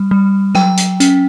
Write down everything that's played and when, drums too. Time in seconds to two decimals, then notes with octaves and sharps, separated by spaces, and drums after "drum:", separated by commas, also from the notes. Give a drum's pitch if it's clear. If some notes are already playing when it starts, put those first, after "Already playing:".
Already playing: G3
0.11 G3
0.55 F#3 G5, drum: rim click
0.77 drum: hi-hat
1.00 C#4, drum: hi-hat